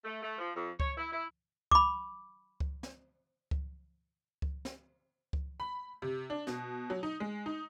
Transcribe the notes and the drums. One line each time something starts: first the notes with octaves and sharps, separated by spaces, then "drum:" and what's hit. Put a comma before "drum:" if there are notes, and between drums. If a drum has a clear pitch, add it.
A3
A3
F3
F2
C#5, drum: kick C#2
E4
E4
B5 D6, drum: kick C#2
drum: kick C#2
drum: snare
drum: kick C#2
drum: kick C#2
drum: snare
drum: kick C#2
B5
C3
D4
B2, drum: snare
F#3
D#4
G#3
D#4